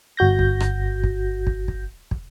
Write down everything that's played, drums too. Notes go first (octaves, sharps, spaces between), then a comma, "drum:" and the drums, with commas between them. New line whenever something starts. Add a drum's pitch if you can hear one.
G1 F#4 G6 A#6
drum: kick
drum: rim click
drum: kick
drum: kick
drum: kick
drum: kick